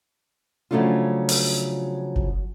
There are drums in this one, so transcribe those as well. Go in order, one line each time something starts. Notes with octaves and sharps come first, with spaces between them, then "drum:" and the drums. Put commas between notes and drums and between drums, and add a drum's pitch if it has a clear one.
C#3 F3 F#3 A3 D4 F4
drum: open hi-hat
drum: kick F#1